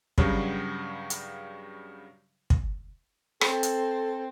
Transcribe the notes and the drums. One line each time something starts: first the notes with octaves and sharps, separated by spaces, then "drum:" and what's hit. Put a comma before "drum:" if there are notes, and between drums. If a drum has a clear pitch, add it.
G2 C#3 F#3 G3, drum: kick
drum: hi-hat
drum: kick
C4 A4, drum: rim click
drum: hi-hat